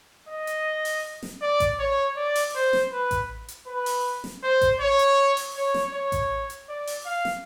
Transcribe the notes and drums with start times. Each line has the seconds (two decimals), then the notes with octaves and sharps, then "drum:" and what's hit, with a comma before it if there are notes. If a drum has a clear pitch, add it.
0.28 D#5
0.47 drum: hi-hat
0.85 drum: open hi-hat
1.23 drum: snare
1.41 D5
1.60 drum: kick A1, hi-hat
1.79 C#5
2.16 D5
2.36 drum: open hi-hat
2.55 C5
2.73 drum: snare
2.92 B4
3.11 drum: kick A1, hi-hat
3.48 drum: hi-hat
3.67 B4
3.86 drum: open hi-hat
4.24 drum: snare
4.43 C5
4.61 drum: kick A1, hi-hat
4.80 C#5
4.99 drum: hi-hat
5.37 drum: open hi-hat
5.56 C#5
5.74 drum: snare
5.94 C#5
6.12 drum: kick A1, hi-hat
6.50 drum: hi-hat
6.69 D5
6.87 drum: open hi-hat
7.06 F5
7.25 drum: snare